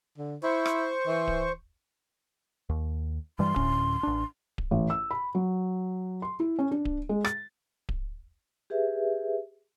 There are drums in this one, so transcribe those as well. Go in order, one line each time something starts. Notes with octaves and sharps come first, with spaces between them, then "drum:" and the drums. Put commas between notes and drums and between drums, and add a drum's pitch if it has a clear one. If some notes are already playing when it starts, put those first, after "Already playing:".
D3
E4 C5 C#6
drum: rim click
E3
drum: kick D1
D#2
G2 E3 G3 C6
D2 A2 C#4, drum: kick D1
A1 D4
drum: kick D1
A1
E6
B5
F#3
C6
E4
C#4
D4
drum: kick D1
G#3
A6, drum: rim click
drum: kick D1
G4 G#4 B4 E5